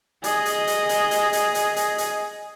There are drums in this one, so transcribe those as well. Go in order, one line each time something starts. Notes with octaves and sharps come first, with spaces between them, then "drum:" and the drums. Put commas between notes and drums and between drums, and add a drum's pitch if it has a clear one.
G#4 D#5, drum: hi-hat
drum: hi-hat
drum: hi-hat
drum: hi-hat
drum: hi-hat
drum: hi-hat
drum: hi-hat
drum: hi-hat
drum: hi-hat